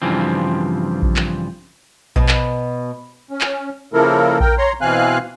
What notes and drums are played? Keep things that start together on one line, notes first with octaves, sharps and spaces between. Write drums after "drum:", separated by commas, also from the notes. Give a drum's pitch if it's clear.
G2 C#3 E3 F3 C4
drum: kick A#1
drum: clap
B2, drum: kick A#1
drum: clap
C#4
drum: clap
C#3 F3 A#3 E4 A4 A#4
A#4 G5, drum: kick A#1
C#5 A#5 C6
B2 E3 C4 F5 G#5 F#6